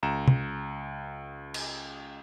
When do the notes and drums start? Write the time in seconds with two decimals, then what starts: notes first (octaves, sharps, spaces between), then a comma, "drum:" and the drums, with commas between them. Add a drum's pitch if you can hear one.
0.03 C#2 A#5 E7
0.28 drum: tom C3
1.54 drum: cymbal